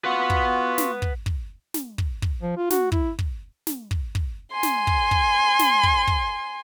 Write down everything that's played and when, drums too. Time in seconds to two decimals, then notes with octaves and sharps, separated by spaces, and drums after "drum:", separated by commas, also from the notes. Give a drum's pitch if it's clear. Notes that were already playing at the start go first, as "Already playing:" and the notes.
0.05 F4 F#4 B4 F#5
0.30 drum: kick
0.78 drum: snare
1.02 drum: kick
1.26 drum: kick
1.74 drum: snare
1.98 drum: kick
2.22 drum: kick
2.42 F3
2.57 F4
2.70 F#4, drum: snare
2.92 E4, drum: kick
3.19 drum: kick
3.67 drum: snare
3.91 drum: kick
4.15 drum: kick
4.52 G#5 C6
4.63 drum: snare
4.87 drum: kick
5.11 drum: kick
5.59 drum: snare
5.83 drum: kick
6.07 drum: kick